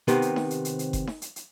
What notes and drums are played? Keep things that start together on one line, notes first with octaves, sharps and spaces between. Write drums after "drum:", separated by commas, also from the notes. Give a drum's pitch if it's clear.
C3 D#3 B3 C4 G4, drum: hi-hat
drum: hi-hat
drum: snare D#4
drum: hi-hat
drum: hi-hat
drum: hi-hat
drum: kick F#1, hi-hat
drum: snare D#4
drum: hi-hat
drum: hi-hat